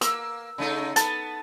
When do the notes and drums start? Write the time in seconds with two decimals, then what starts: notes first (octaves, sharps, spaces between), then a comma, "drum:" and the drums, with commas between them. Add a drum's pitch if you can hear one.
0.01 A#3 E6, drum: hi-hat
0.58 C#3 A3 D#4
0.96 B3 A5, drum: hi-hat